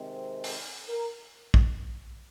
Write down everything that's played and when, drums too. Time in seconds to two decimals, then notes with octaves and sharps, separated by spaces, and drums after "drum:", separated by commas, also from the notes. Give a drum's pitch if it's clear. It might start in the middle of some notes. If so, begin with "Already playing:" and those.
Already playing: C3 D#3 G#3 C4
0.44 drum: open hi-hat
0.89 A#4
1.54 drum: kick A#1